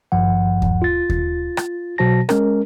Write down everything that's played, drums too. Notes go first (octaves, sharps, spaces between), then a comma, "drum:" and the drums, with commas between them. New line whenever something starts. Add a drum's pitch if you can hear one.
G#1 G2 F3 F#5
drum: kick D#2
F4 A6
drum: kick D#2
drum: rim click
B2 F#3 F#4 C5 A5 A#6
G#3 C#4 A#4, drum: rim click